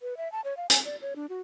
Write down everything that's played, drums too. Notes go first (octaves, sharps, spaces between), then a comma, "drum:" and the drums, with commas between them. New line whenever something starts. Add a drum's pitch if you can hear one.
B4
E5
A5
C#5
F5
G#5, drum: hi-hat
D5
C#5
D4
F#4